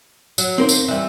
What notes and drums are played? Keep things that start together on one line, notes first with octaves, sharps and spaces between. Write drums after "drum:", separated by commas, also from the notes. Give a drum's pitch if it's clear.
F#3, drum: tambourine
D#2 C4 A#4 C5
drum: tambourine
E3 G3